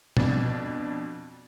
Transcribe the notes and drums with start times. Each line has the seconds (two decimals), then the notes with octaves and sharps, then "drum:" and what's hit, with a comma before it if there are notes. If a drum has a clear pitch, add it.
0.17 F2 B2 D4 A6, drum: tom